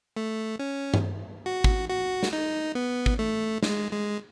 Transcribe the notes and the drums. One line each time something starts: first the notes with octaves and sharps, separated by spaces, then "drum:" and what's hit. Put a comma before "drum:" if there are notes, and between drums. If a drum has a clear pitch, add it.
A3
C#4
drum: tom G2
F#4
drum: kick
F#4
drum: snare
D#4
B3
drum: kick
A3
G#3, drum: snare
G#3